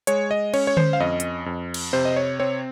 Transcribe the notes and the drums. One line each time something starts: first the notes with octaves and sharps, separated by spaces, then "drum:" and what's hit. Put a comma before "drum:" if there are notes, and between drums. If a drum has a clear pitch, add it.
G#3 C#5, drum: hi-hat
D#5
C#4 C#5, drum: cymbal
C#5
C5, drum: tom D3
F5
F2 D#5
drum: hi-hat
F2
drum: cymbal
C3 C5
D#5
C#5
C4 C#5